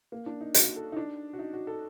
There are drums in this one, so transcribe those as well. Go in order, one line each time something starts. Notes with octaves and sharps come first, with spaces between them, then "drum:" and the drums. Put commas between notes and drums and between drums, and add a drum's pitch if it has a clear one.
A#3
D4
D#4
F#4, drum: hi-hat
A4
D#4
D4
F#4
D#4
F#4
A4